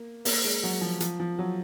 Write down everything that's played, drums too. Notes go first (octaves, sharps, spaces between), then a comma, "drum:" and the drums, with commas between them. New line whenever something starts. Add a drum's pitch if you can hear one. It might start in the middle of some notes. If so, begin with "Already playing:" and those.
Already playing: A#3
A#3, drum: open hi-hat
G#3
F#3
F3
F3, drum: hi-hat
F3
F#3